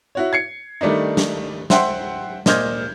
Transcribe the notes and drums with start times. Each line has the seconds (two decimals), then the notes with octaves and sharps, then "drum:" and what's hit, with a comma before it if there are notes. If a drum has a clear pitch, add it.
0.15 E4 F#4 C#5
0.33 G#6 C7 C#7
0.81 D#3 G3 A3 D4 D#4
1.17 drum: snare
1.70 C5 E5 F#5 G5 C6, drum: snare
2.46 A#2 C5 D#5 F6 G6 G#6, drum: snare